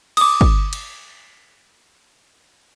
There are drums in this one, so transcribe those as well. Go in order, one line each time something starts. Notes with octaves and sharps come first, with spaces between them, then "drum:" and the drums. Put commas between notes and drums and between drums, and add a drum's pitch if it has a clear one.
D6 D#6, drum: cymbal
drum: kick
drum: cymbal